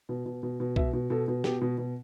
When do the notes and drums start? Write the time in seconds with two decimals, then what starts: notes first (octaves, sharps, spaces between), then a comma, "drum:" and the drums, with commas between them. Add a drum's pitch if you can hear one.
0.09 B2
0.25 B2
0.43 B2
0.60 B2
0.76 B2 E5, drum: kick B1
0.93 B2
1.10 B2 A4
1.28 B2
1.44 B2 G4, drum: snare
1.61 B2
1.78 B2